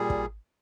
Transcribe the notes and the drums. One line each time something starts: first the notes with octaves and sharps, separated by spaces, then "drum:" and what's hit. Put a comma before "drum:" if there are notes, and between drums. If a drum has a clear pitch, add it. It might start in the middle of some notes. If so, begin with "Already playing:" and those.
Already playing: A#2 G3 G#4
drum: kick